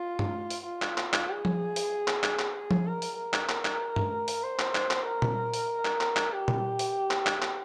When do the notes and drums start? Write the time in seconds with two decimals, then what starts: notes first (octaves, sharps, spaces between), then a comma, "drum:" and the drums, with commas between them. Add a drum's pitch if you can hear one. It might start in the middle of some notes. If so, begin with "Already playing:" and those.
Already playing: F4
0.19 drum: tom G2
0.51 drum: open hi-hat
0.66 F4
0.82 drum: clap
0.98 drum: clap
1.13 drum: clap
1.30 G#4
1.45 drum: tom F3
1.76 drum: open hi-hat
2.08 drum: clap
2.23 drum: clap
2.39 drum: clap
2.55 G#4
2.71 drum: tom F3
2.87 A#4
3.02 drum: open hi-hat
3.18 A#4
3.33 drum: clap
3.49 drum: clap
3.65 drum: clap
3.96 drum: tom G2
4.28 drum: open hi-hat
4.43 C5
4.59 drum: clap
4.75 drum: clap
4.91 drum: clap
5.06 A#4
5.22 drum: tom A#2
5.54 drum: open hi-hat
5.85 drum: clap
6.01 drum: clap
6.16 drum: clap
6.32 G4
6.48 drum: tom A#2
6.79 drum: open hi-hat
7.11 drum: clap
7.26 drum: clap
7.42 drum: clap